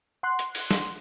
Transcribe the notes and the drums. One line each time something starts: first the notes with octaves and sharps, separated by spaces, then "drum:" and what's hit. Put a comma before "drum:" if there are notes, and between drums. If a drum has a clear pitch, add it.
F#5 C6 F#6
drum: hi-hat
drum: open hi-hat
drum: snare